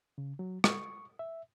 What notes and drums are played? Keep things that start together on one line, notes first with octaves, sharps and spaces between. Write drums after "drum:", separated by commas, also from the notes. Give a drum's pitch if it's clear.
C#3
F#3
C#6, drum: rim click
E5